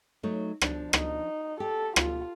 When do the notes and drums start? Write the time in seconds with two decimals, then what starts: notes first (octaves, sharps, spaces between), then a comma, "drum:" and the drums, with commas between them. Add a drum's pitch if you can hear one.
0.23 F#3 A3 D#4
0.61 F3 D4, drum: rim click
0.93 D#4, drum: rim click
1.60 G4 A4
1.96 F4, drum: rim click